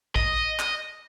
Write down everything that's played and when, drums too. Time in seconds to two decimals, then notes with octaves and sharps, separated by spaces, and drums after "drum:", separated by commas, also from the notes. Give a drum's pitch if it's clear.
0.16 D#5, drum: kick A1
0.59 drum: clap